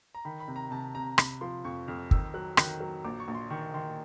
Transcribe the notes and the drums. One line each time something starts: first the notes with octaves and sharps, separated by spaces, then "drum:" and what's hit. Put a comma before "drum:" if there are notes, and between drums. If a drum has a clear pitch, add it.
A#5
D#3 B5
B5
C3
A#5
C3 A5
C3 A#5
C3 B5, drum: rim click
F3 C6
F2 C#6
F2 F6
D#3 E6, drum: kick
F#3 F#6
D#3 F#6, drum: rim click
F#3
A#1 D6
C#6
A#1
C6
D#3 C#6
D#3 C6